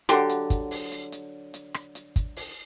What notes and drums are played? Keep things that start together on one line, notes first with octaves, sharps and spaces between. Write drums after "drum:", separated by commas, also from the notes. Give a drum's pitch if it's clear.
D3 F#3 G4 C6, drum: rim click
drum: hi-hat
drum: kick, hi-hat
drum: open hi-hat
drum: hi-hat
drum: hi-hat
drum: hi-hat
drum: rim click
drum: hi-hat
drum: kick, hi-hat
drum: open hi-hat